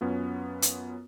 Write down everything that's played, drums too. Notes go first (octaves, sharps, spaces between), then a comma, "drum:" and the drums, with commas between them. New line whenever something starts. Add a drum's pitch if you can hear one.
F#2 B3 C#4 F4
drum: hi-hat